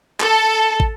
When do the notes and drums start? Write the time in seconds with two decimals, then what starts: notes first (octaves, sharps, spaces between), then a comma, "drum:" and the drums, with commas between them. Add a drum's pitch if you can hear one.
0.20 A4, drum: clap
0.80 drum: kick